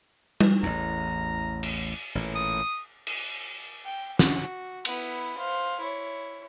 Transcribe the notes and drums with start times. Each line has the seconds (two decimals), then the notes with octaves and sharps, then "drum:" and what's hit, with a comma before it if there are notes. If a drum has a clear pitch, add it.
0.41 drum: tom G3
0.63 A1 E2 A#5
1.63 drum: cymbal
2.15 A1 A#2
2.35 D#6
3.07 drum: cymbal
3.85 G5
4.19 F#4, drum: snare
4.85 B3 E4, drum: cymbal
5.38 C5 F5
5.80 E4 C#5